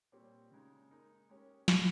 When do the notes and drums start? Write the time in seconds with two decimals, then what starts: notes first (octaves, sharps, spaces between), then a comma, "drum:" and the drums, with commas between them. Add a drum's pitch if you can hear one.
0.12 A#2 G3 C4 G4 C#5
0.51 C#3 G#3 D#4
0.90 G#3 D#4 A#4
1.29 G#3 C#4 G4 A#4 C#5
1.68 G#3 D#4 G#4, drum: snare